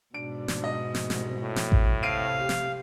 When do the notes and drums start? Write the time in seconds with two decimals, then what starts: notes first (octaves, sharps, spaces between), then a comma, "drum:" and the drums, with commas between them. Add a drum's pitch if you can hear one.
0.14 G#2 B2 D4 D7
0.48 drum: snare
0.64 D#5
0.95 drum: snare
1.10 C2, drum: snare
1.41 A2
1.56 drum: snare
1.72 drum: kick A1
2.03 C3 F5 C7 D7 D#7
2.39 G4
2.49 drum: snare